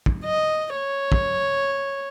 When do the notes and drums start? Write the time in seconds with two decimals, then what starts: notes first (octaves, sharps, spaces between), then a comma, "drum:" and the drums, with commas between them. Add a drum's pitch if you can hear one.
0.06 drum: kick
0.25 D#5
0.77 C#5
1.12 drum: kick